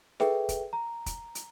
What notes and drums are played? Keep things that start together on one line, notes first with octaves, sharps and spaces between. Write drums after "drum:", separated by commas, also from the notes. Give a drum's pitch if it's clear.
G#4 A4 B4 E5 G5, drum: snare
drum: kick, hi-hat
A#5
drum: kick, hi-hat
drum: hi-hat